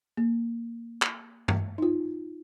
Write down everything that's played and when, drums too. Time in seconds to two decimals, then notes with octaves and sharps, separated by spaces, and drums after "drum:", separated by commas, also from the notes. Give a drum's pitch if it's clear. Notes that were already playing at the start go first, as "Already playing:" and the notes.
0.17 A#3
1.02 drum: clap
1.48 drum: tom G2
1.78 D#4 F4